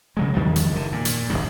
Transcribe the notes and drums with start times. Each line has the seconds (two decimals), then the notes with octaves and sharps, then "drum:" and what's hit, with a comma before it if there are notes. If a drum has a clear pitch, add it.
0.17 C#3 F#3 G#3
0.34 E2 D#3 F3 G3
0.56 drum: hi-hat
0.73 F#1 D3
0.92 A#2
1.05 drum: hi-hat
1.30 D1 A#1 F#2 D#3